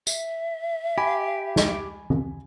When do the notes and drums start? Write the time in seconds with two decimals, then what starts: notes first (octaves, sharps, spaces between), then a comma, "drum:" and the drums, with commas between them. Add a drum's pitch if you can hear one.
0.07 E5, drum: tambourine
0.98 G4 G#5 B5
1.56 drum: snare
2.10 drum: tom